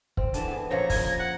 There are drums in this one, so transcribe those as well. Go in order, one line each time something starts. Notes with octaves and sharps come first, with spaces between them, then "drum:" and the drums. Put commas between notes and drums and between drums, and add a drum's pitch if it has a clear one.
C4, drum: kick
D3 E3 A5, drum: hi-hat
B3 G#4
A#2 C#3 F3 C#5 A#5
G#6, drum: kick, open hi-hat
F#5